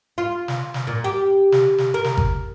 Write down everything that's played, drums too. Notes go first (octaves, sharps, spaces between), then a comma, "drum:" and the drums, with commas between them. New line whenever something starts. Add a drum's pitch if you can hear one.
F4
drum: snare
drum: snare
A#2
G4
drum: snare
drum: snare
A#4
drum: snare
drum: kick G#1